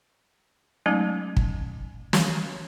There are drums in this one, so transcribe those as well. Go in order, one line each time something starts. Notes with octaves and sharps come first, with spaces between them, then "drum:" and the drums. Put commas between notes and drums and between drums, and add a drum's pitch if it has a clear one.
F#3 G#3 A3 C#4 D#4
drum: kick
drum: snare